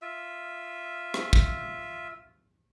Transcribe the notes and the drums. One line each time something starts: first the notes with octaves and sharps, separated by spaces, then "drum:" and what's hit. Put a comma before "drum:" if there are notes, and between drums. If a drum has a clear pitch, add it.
F4 E5
drum: rim click
drum: kick